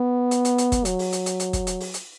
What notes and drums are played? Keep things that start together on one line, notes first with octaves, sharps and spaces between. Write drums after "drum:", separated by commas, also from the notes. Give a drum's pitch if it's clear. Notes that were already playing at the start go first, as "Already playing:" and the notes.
Already playing: B3
drum: hi-hat
drum: hi-hat
drum: hi-hat
drum: kick, hi-hat
F#3, drum: hi-hat
drum: open hi-hat
drum: hi-hat
drum: hi-hat
drum: hi-hat
drum: kick, hi-hat
drum: hi-hat
drum: open hi-hat
drum: hi-hat